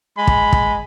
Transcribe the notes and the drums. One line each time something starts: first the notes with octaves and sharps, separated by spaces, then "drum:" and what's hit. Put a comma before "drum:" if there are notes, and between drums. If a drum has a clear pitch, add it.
G#3 B5
drum: kick
drum: kick